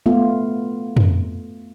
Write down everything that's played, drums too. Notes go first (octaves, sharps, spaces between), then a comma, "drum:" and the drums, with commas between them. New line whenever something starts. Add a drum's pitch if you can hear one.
A3 B3 F4
drum: tom